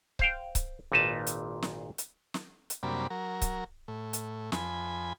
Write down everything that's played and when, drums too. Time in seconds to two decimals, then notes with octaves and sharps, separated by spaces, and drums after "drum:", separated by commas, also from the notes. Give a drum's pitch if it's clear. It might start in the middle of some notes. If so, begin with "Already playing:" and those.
0.19 C5 F5 G5, drum: kick C#1
0.55 drum: kick C#1, hi-hat
0.92 G#1 A#2 D#4 B4 A5
1.27 drum: hi-hat
1.62 drum: snare
1.98 drum: hi-hat
2.34 drum: snare
2.70 drum: hi-hat
2.83 F#2 C3 G3 A#3 D4 B5
3.10 F#3 A#4
3.42 drum: kick C#1, hi-hat
3.88 A2
4.13 drum: hi-hat
4.52 F2 G#5 B5, drum: snare